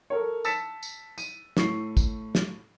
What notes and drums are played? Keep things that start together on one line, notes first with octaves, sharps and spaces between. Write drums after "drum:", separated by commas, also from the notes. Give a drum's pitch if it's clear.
A4 A#4 C#5
A5 E6 A6 B6 C#7 E7, drum: tambourine
drum: tambourine
D#7, drum: tambourine
A2 C#6 C7, drum: snare
drum: kick, tambourine
drum: snare